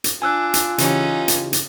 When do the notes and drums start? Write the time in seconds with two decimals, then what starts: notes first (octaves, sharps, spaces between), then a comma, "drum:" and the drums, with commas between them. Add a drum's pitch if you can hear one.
0.04 drum: hi-hat
0.22 D4 F4 G#5 E6 F#6
0.54 drum: hi-hat
0.78 C#3 E3 C#4 D#4 G4, drum: hi-hat
1.28 drum: hi-hat
1.53 drum: hi-hat